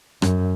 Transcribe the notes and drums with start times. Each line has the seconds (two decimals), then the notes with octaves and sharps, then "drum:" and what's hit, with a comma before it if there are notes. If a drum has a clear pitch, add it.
0.22 F#2, drum: rim click